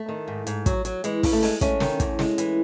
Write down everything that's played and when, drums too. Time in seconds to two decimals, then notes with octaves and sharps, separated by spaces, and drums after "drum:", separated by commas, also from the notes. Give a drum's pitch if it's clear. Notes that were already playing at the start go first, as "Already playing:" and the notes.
Already playing: A3
0.09 D#3
0.28 G#2
0.47 G#2, drum: hi-hat
0.66 F#3, drum: kick, hi-hat
0.85 F#3, drum: hi-hat
1.04 E3 G#3, drum: hi-hat
1.23 C#3, drum: kick, open hi-hat
1.33 A3
1.42 G#3, drum: open hi-hat
1.61 G#3 A3 C#4, drum: kick, hi-hat
1.80 D#3, drum: snare
2.00 E2, drum: kick, hi-hat
2.19 G#3, drum: snare
2.38 E3, drum: hi-hat